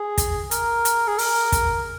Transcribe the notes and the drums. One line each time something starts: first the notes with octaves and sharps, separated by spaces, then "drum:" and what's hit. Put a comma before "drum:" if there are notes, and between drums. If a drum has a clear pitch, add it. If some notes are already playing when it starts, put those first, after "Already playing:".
Already playing: G#4
drum: kick, hi-hat
A#4, drum: hi-hat
drum: hi-hat
G#4
A#4, drum: open hi-hat
drum: kick, hi-hat